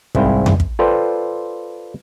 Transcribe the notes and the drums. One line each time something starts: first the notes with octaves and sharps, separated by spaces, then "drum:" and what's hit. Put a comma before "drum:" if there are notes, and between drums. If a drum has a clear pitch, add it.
C2 G#2 E4 C5 F5 G5, drum: kick
drum: tom F2
drum: kick
F4 A4 B4 C5 D5 G5